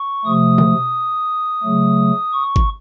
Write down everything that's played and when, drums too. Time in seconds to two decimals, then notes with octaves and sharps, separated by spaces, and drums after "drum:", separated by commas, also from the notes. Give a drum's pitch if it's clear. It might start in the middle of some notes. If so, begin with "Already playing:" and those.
Already playing: C#6
0.25 C3 F3 A3 D#6
0.58 drum: tom
1.63 C#3 F#3 A3
2.33 C#6
2.56 drum: kick